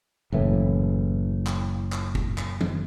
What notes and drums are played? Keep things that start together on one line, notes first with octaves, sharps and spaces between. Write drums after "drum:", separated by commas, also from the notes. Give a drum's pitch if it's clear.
F#1 A2 E3
drum: clap
drum: clap
drum: kick
drum: clap
drum: tom D#3